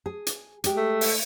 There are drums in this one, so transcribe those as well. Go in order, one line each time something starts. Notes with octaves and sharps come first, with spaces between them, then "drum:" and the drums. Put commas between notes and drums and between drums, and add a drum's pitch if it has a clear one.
G#4
drum: hi-hat
G#3 G4, drum: hi-hat
A3
drum: open hi-hat